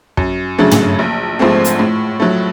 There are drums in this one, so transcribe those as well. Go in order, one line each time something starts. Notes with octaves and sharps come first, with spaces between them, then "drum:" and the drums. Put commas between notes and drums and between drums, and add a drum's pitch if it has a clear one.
F#2, drum: kick
C#3 F#3 A3 D4
drum: tom
A#1
G#2 F3 A3 C4
drum: hi-hat
A2
F#3 A3